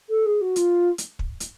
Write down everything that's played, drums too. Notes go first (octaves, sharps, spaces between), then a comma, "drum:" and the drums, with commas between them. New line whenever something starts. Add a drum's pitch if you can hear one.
A4
G#4
F#4
F4, drum: hi-hat
drum: hi-hat
drum: kick
drum: hi-hat